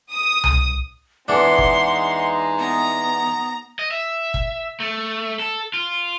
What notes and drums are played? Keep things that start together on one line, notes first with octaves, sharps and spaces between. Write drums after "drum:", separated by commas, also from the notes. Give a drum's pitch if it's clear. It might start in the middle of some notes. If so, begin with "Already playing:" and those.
D#6
drum: tom C2
E2 E3 G#3 D4 D#4 F#5 C6
drum: kick
B3 A#5
D#5
E5
drum: kick
A3
A4
F4